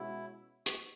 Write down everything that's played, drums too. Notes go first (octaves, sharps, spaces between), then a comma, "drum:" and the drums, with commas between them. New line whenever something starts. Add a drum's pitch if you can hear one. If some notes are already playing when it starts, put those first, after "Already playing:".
Already playing: B2 G#3 C#4 E4 F#4
F#4, drum: hi-hat